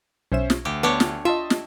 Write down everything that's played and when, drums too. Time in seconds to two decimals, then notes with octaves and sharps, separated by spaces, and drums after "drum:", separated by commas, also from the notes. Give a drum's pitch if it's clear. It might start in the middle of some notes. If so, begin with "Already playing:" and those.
0.32 B1 C#4 C5 E5 E7
0.50 drum: snare
0.65 D2 G4
0.83 B3 D4 G4 C#5 B5
1.00 drum: snare
1.25 F4 D#5 E5 A5 C6
1.50 drum: snare